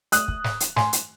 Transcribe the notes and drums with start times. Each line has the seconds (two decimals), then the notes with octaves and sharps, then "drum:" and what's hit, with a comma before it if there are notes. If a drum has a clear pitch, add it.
0.12 D#6 F#6, drum: hi-hat
0.28 drum: kick
0.44 drum: snare
0.60 drum: hi-hat
0.76 G#5 C6, drum: snare
0.93 drum: hi-hat